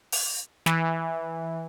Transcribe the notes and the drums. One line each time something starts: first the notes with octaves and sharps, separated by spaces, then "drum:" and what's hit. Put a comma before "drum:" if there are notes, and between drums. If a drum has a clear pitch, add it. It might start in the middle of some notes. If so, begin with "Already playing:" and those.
drum: open hi-hat
E3, drum: snare